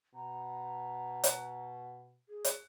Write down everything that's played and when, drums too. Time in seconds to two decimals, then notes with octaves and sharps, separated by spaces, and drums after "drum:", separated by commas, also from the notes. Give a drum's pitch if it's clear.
0.15 B2 A#5
1.24 drum: hi-hat
2.29 G#4
2.45 drum: hi-hat